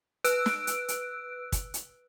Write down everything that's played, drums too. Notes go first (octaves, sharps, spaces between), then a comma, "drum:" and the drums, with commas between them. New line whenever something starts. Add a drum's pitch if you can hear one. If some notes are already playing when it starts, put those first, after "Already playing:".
B4 E6 F#6 D7, drum: hi-hat
drum: snare
drum: hi-hat
drum: hi-hat
drum: kick, hi-hat
drum: hi-hat